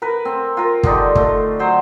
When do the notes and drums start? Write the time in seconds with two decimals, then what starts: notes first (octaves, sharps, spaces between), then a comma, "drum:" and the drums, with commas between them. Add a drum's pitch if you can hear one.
0.02 A#4 B4
0.25 C4
0.57 F4 A#4
0.83 D3 G3 D4 D#4, drum: kick
1.15 A3, drum: kick
1.59 F#3 C5